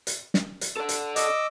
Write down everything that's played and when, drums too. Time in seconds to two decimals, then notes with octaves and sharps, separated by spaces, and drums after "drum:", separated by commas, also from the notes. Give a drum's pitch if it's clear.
0.07 drum: hi-hat
0.34 drum: snare
0.61 drum: hi-hat
0.77 A4 D5
0.89 drum: hi-hat
1.16 D#5 D6 E6, drum: hi-hat